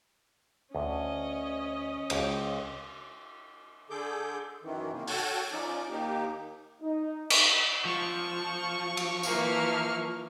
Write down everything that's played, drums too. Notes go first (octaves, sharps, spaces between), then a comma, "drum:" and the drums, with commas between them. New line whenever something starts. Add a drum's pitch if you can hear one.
D2 C#4 D#5
C#2 C5, drum: cymbal
D3 G#4 A4 D6 G6
F#2 D#3 E3
C3 D#3 A#3
F#4 A4 C#5 F#5 G5 A5, drum: open hi-hat
F3 C#4 D#4 D5 D6
D#2 A#3 D#4 G4
D#4
drum: cymbal
F3 C#6
drum: cymbal
E3 A#3 F6, drum: tambourine